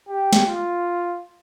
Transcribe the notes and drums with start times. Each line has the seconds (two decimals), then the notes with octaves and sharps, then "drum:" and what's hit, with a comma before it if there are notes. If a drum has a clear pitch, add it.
0.09 G4
0.33 drum: snare
0.47 F4